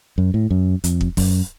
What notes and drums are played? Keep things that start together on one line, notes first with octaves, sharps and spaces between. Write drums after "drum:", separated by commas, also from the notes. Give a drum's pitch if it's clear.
F#2
A2
F#2
F2, drum: hi-hat
drum: kick
F#2, drum: kick, open hi-hat